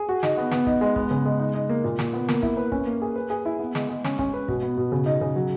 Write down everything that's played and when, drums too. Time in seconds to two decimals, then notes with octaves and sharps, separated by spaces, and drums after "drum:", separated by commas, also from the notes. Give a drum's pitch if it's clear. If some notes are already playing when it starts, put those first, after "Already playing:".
Already playing: G#4
0.09 F#4
0.23 D#4, drum: snare
0.37 B3
0.52 B3, drum: snare
0.67 D#4, drum: kick
0.81 G#3
0.96 B3, drum: kick
1.11 C#3
1.25 G#3
1.39 D#4
1.54 D#4
1.69 A#3
1.84 A#2
1.99 A#2, drum: snare
2.13 B3
2.29 A#3, drum: snare
2.43 E4, drum: kick
2.57 B4
2.72 C#4, drum: kick
2.86 A#3
3.02 G#4
3.16 B4
3.30 G#4
3.46 E4
3.59 B3
3.75 G#3, drum: snare
3.89 G#3
4.05 C#4, drum: snare
4.19 C#4, drum: kick
4.34 B4
4.48 B2, drum: kick
4.62 B3
4.77 B2
4.92 C#3
5.06 D#4
5.21 C#3
5.36 F#3